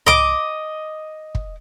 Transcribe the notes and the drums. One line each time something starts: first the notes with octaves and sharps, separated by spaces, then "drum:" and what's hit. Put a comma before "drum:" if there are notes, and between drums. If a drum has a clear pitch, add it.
D#5 D6, drum: tom C2
drum: kick